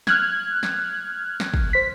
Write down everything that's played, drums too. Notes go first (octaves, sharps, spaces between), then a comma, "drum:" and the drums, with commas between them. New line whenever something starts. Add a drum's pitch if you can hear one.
F6 F#6 G#6, drum: snare
drum: snare
drum: snare
drum: kick
C5 B6